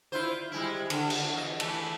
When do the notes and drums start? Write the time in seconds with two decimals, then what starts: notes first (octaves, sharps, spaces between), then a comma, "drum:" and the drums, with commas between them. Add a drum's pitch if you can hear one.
0.12 E4 F4 C5
0.52 G3 G#3 E4
0.90 D3, drum: cymbal
1.10 drum: cymbal
1.35 E2 D#5
1.60 E3 A3, drum: cymbal